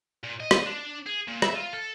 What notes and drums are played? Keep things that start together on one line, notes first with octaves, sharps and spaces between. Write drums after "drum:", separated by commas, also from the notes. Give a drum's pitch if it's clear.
A#2
D#5
drum: rim click
D4
G#4
A#2
E5, drum: rim click
F4
A4